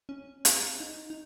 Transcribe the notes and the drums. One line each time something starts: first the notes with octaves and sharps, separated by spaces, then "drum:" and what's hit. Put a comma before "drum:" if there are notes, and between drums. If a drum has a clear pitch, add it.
C#4
drum: hi-hat
D#4
D#4